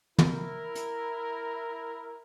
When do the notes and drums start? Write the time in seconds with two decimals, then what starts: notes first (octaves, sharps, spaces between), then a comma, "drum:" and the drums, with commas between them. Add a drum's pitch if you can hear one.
0.19 E4 A#4, drum: tom
0.75 drum: hi-hat